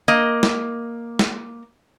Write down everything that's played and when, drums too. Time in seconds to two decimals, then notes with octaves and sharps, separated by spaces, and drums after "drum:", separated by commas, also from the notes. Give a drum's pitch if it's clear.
0.08 A#3 D#5
0.43 drum: snare
1.19 drum: snare